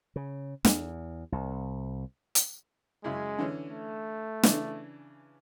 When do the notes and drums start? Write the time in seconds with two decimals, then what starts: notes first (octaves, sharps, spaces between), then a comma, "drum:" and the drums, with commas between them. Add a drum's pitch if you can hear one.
0.16 C#3
0.65 E2, drum: snare
1.32 C2
2.35 drum: hi-hat
3.04 F#2 C#3 G#3 E4
3.38 D3 E3 C#4
3.69 A3
4.43 C#3 E3 D4, drum: snare